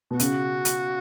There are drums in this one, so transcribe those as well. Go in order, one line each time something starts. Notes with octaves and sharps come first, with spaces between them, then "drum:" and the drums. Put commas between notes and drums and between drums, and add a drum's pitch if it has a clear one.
B2
C#3 F#4, drum: hi-hat
drum: hi-hat